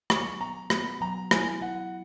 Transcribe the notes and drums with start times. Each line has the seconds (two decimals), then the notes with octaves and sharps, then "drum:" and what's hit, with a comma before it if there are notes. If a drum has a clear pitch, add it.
0.10 F#3 C#6, drum: rim click
0.40 B3 A#5
0.70 B3 B5, drum: rim click
1.01 F#3 A#5
1.31 E4 G#5, drum: rim click
1.62 E4 F#5